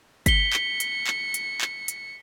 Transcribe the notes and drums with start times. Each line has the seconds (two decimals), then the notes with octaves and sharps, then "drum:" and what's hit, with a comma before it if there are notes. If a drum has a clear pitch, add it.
0.26 B6 C#7 G7, drum: kick G1, hi-hat
0.53 drum: clap
0.80 drum: hi-hat
1.07 drum: clap
1.34 drum: hi-hat
1.61 drum: clap
1.88 drum: hi-hat